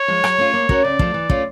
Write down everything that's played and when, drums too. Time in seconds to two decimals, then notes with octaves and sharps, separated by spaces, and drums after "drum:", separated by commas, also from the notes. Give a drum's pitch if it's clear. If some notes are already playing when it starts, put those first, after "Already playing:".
Already playing: C#5
0.08 F3 G#3
0.24 F#3, drum: rim click
0.38 A3 C#4 F4
0.54 A#3
0.69 C#4 F#4 A#4, drum: kick
0.84 C#3 D5
0.99 F3 A3, drum: kick
1.14 E3
1.30 A3 C#4 F4, drum: kick